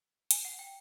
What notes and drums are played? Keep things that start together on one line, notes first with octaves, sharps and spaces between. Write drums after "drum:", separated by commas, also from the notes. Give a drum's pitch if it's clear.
G#5, drum: hi-hat
F#5
G5